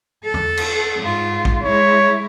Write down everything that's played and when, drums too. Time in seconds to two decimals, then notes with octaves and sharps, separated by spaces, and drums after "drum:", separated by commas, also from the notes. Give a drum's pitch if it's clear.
0.25 A4
0.34 drum: tom E2
0.57 drum: cymbal
0.99 G#2 F4
1.45 drum: kick
1.63 G#3 E4 C#5